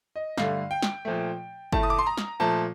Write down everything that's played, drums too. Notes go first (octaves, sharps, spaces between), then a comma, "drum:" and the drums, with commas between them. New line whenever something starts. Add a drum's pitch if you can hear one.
D#5
G2 D3 A3 F5, drum: snare
G5
drum: snare
A#2 F3 A3
A2 A3 A5, drum: kick
D#6
D6
C6
A#5
drum: snare
A#2 F3 A3 A5